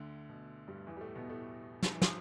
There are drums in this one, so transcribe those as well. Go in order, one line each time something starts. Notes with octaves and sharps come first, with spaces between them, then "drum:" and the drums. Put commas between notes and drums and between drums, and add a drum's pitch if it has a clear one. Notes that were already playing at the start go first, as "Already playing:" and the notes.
Already playing: D2 D3
B2
G2 G3
E2 E3
G3
A2 A3
B2 B3
A2 A3
drum: snare
E3
F3, drum: snare